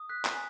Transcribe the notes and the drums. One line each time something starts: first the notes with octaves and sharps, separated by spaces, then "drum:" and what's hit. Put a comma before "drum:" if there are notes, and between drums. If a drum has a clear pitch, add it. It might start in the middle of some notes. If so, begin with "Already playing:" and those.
Already playing: D#6
F#6 B6
drum: clap
G#5